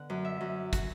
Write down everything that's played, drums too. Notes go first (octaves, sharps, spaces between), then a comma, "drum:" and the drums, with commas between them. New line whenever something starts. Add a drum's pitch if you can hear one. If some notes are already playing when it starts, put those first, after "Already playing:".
Already playing: D3 B3 F#5
F#2
E5
F#2
F#4, drum: kick, hi-hat